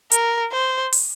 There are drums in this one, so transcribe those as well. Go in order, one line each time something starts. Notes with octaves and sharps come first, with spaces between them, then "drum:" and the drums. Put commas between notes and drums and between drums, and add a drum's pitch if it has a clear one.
A#4, drum: hi-hat
C5
drum: open hi-hat